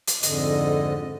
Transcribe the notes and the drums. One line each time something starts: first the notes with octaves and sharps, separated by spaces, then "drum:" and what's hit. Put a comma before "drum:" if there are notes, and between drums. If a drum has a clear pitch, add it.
drum: hi-hat
F2 G#2 D3 D#5, drum: hi-hat